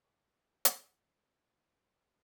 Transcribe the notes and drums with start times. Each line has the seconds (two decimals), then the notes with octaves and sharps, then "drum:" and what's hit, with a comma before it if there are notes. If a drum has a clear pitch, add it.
0.02 G#3 B3 F#4 G4 C#5
0.65 drum: hi-hat